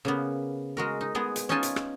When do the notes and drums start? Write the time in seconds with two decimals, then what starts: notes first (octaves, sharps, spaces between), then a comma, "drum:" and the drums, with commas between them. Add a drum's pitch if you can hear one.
0.05 C#3 A#3 B3
0.77 G#3 F#4 A#4
1.01 D#4
1.15 G#3 B3 G#4
1.36 drum: hi-hat
1.49 C#4 D#4 F4 D#5 G#5 A5
1.63 drum: hi-hat
1.76 drum: rim click